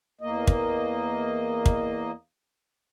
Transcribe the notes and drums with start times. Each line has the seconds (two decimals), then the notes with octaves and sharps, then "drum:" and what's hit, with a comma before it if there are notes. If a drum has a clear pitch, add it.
0.21 E2 A#3 D#5
0.47 drum: kick
1.66 drum: kick